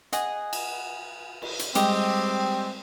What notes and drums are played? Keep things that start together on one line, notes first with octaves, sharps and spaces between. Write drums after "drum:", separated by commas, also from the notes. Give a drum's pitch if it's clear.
G#4 D#5 F#5, drum: hi-hat
drum: cymbal
drum: cymbal
drum: hi-hat
G3 G#3 C4 G4 D#5, drum: hi-hat